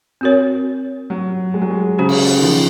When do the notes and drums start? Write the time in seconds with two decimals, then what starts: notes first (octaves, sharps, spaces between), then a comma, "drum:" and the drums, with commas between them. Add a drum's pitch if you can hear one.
0.21 C4 F#4 A#4 C#5
1.10 F#3
1.54 G#3
1.62 F#3
1.71 G#3
1.99 C#3 C#4 F#4 C5
2.09 drum: cymbal
2.38 D#3
2.43 F3